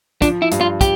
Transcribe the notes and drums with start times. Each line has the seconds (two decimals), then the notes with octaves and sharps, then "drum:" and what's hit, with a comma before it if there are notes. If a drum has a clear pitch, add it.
0.22 F3 D4, drum: kick, hi-hat
0.42 E4
0.51 G2, drum: hi-hat
0.61 F4
0.81 G4, drum: kick, hi-hat